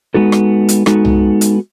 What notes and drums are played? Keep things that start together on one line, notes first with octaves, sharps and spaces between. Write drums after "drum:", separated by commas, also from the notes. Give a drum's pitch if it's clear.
G#3 B3 D#4 F#4 A4
drum: rim click
drum: hi-hat
G#3 B3 D#4 F#4 A4, drum: rim click
drum: tom C2
drum: hi-hat